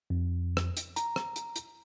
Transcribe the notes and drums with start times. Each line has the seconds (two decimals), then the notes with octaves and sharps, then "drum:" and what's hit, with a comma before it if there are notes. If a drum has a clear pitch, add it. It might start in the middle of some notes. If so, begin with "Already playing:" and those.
0.10 F2
0.57 drum: rim click
0.77 drum: hi-hat
0.96 A#5, drum: hi-hat
1.16 drum: rim click
1.36 drum: hi-hat
1.56 drum: hi-hat